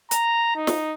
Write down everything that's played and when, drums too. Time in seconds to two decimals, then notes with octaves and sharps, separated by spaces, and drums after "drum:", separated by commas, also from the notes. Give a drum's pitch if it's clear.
0.11 A#5, drum: hi-hat
0.56 D#4
0.67 drum: snare